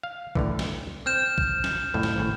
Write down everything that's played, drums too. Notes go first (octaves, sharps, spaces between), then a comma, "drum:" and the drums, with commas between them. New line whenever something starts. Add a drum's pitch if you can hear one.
F5
A2 D3 E3, drum: kick
drum: snare
C4 F6 G6 E7
drum: kick
drum: snare
C2 F2 A2
drum: snare
G#1 A2